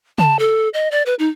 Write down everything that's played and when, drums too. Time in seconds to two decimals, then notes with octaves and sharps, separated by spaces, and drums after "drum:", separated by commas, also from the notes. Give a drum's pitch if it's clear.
0.18 A5, drum: tom C#3
0.39 A4
0.74 D#5
0.91 D5
1.06 B4
1.19 D#4